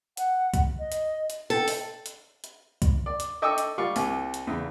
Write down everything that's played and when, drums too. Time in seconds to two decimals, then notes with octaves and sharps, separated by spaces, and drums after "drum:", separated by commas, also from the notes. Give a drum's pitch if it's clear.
0.17 F#5, drum: hi-hat
0.54 drum: kick C2, hi-hat
0.79 D#5
0.92 drum: hi-hat
1.30 drum: hi-hat
1.50 A4 G5
1.68 drum: open hi-hat
2.06 drum: hi-hat
2.44 drum: hi-hat
2.82 drum: kick C2, hi-hat
3.06 D5
3.20 drum: hi-hat
3.42 A4 D#5 G5 C#6 D6 E6
3.58 drum: hi-hat
3.78 G3 F4 D5 C#6
3.96 C2, drum: open hi-hat
4.34 drum: hi-hat
4.47 E2 C#3